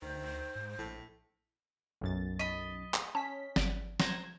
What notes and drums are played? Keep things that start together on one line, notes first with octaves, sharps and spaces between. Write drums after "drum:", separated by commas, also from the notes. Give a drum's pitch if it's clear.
D2 D#3 C5
G#2
A#1 A2
B1 F#2 A6
D#5 B5
drum: clap
C#4 A5 B6
G1 D5 D7, drum: snare
C5 A#5 G#6, drum: snare